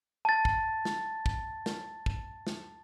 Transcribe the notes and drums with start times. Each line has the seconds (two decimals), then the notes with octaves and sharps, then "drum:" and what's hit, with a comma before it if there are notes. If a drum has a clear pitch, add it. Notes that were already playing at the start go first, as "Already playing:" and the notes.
0.25 A5 A6
0.45 drum: kick
0.85 drum: snare
1.26 drum: kick
1.66 drum: snare
2.06 drum: kick
2.47 drum: snare